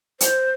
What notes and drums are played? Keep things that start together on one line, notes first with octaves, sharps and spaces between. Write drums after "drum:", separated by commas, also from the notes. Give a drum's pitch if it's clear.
C5, drum: hi-hat